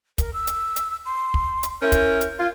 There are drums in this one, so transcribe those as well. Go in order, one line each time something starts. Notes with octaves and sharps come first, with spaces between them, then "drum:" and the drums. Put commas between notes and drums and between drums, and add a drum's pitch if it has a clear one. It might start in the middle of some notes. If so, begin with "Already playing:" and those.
A#4, drum: kick, hi-hat
E6
drum: hi-hat
drum: hi-hat
C6
drum: kick
drum: hi-hat
C#4 E4 A#4 G6
drum: kick, hi-hat
drum: hi-hat
F4 G#6